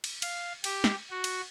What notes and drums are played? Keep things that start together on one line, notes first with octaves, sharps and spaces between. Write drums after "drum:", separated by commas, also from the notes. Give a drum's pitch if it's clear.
drum: cymbal
F5, drum: cymbal
G4, drum: cymbal
drum: snare
F#4
drum: cymbal